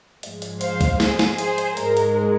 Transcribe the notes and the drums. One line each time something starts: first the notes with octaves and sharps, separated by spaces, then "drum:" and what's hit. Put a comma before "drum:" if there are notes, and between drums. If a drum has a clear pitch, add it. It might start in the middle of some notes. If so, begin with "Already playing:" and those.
G#2 F3 G#3, drum: hi-hat
drum: hi-hat
C5 F5, drum: hi-hat
drum: kick C#2, hi-hat
G#4 C5, drum: snare
drum: snare
G#4 C5, drum: hi-hat
drum: hi-hat
G#2 G#3 A#4, drum: hi-hat
drum: hi-hat